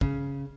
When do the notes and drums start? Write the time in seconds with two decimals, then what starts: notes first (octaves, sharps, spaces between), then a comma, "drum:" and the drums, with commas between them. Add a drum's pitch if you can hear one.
0.01 C#3, drum: kick